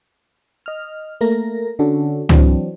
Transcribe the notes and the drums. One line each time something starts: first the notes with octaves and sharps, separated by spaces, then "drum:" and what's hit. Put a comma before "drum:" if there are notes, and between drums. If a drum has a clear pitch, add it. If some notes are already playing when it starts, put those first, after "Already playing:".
D#5 F6
A3 A#3 A#4 A#6
D3 C#4 D4 F#4 A4
E3 F#3 C4 D4, drum: tom